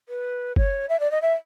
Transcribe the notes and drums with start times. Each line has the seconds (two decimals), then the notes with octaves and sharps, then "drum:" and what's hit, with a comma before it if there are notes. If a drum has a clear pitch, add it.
0.08 B4
0.56 C#5, drum: kick F#1
0.89 E5
1.00 D5
1.11 D#5
1.22 E5